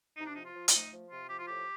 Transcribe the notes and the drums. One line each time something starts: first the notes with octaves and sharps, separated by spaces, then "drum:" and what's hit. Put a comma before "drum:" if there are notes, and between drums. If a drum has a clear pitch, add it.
C3 D#4
D4
F3 D#4
F4
F3
F4, drum: hi-hat
A3 D#4
F3
C3 F4
F3 G4
F4
A2 G4